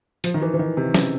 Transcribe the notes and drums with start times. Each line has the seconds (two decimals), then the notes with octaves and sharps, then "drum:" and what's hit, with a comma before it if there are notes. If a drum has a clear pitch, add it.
0.24 F3, drum: hi-hat
0.34 D#3
0.42 E3
0.54 E3
0.59 D#3
0.77 C3
0.94 C#3, drum: snare